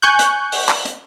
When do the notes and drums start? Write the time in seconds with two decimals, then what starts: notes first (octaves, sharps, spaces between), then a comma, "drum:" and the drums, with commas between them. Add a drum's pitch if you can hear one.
0.02 G#5 C#6 F#6 G6
0.19 drum: hi-hat
0.52 drum: open hi-hat
0.69 drum: clap
0.85 drum: hi-hat